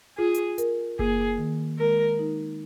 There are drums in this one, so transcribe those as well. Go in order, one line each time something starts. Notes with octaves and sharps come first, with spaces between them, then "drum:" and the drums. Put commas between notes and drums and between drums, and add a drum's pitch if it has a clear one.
F4 G#4
drum: hi-hat
A#4, drum: hi-hat
A#3 G#4, drum: kick F#1
D#3
G#3 A#4
D#4